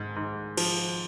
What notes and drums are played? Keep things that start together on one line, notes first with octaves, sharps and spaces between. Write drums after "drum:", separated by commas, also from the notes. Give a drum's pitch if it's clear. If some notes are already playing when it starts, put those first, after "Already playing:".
Already playing: G#2
G#2
F3, drum: cymbal